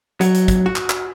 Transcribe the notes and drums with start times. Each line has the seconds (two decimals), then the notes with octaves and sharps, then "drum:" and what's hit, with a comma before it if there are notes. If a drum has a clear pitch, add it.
0.21 F#3, drum: hi-hat
0.34 drum: hi-hat
0.48 drum: kick, hi-hat
0.66 F#4
0.76 drum: clap
0.90 drum: clap